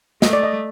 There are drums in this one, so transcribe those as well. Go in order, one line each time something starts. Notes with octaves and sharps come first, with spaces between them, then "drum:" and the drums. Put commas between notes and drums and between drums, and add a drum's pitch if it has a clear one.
A3 D#5, drum: snare
D5
D#5